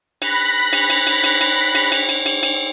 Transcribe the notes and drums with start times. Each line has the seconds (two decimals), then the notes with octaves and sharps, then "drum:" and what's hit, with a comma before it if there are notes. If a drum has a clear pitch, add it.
0.22 B5 F#6 A#6 B6, drum: cymbal
0.73 drum: cymbal
0.90 drum: cymbal
1.07 drum: cymbal
1.24 drum: cymbal
1.41 drum: cymbal
1.75 drum: cymbal
1.92 drum: cymbal
2.09 drum: cymbal
2.26 drum: cymbal
2.43 drum: cymbal